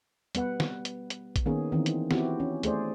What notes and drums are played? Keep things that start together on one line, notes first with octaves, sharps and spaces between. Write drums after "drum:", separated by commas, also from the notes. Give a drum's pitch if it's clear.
G3 B3 B4 F#5, drum: hi-hat
drum: snare
drum: hi-hat
drum: hi-hat
drum: kick A#1, hi-hat
D#3 A#3 B3 C#4 G#4
D#3 E3 C4
drum: hi-hat
B3 C4 E4 F#4 G4, drum: snare
C#4
A3 G#4 C5 D5, drum: hi-hat